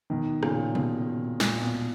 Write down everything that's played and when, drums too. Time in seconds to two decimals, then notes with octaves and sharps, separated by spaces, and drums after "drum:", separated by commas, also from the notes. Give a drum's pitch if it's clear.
0.10 B2 D#3
0.43 A#2 C#3, drum: rim click
0.75 B2, drum: tom B2
1.40 A#2, drum: snare
1.62 B2